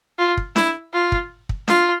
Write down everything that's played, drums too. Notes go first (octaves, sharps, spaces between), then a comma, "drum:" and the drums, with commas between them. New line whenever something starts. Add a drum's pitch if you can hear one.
F4
drum: kick
E4, drum: snare D4
F4
drum: kick
drum: kick
F4, drum: snare D4